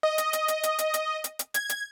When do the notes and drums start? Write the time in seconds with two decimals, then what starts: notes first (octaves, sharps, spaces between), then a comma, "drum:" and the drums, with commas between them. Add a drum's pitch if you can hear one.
0.03 D#5
0.18 drum: hi-hat
0.33 drum: hi-hat
0.48 drum: hi-hat
0.63 drum: hi-hat
0.79 drum: hi-hat
0.94 drum: hi-hat
1.24 drum: hi-hat
1.39 drum: hi-hat
1.54 G#6, drum: hi-hat
1.69 drum: hi-hat